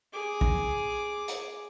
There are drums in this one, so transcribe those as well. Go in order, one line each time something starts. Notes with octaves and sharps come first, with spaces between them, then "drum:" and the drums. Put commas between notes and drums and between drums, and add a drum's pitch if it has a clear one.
G#4 D6
drum: kick
drum: hi-hat